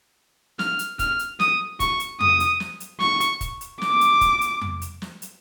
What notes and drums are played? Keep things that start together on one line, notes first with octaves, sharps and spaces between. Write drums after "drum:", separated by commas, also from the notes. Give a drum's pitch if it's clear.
F6, drum: snare
drum: hi-hat
F6, drum: kick, hi-hat
drum: hi-hat
D#6, drum: snare
C#6, drum: kick, hi-hat
drum: hi-hat
D#6, drum: tom F2
drum: hi-hat
drum: snare
drum: hi-hat
C#6, drum: snare
drum: hi-hat
drum: kick, hi-hat
drum: hi-hat
D6, drum: snare
drum: hi-hat
drum: kick, hi-hat
drum: hi-hat
drum: tom F2
drum: hi-hat
drum: snare
drum: hi-hat